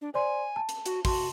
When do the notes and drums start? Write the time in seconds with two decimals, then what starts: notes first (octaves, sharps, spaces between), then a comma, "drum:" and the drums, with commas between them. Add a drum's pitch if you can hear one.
0.01 D4
0.14 C5 D5 G#5 C6
0.56 A5
0.69 drum: hi-hat
0.86 F#4, drum: hi-hat
1.05 F#4 A5 C6, drum: kick, open hi-hat